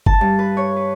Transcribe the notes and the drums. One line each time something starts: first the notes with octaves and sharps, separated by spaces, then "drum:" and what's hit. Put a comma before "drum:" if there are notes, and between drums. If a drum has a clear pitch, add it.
A5, drum: kick
G2
B4
C#5
B4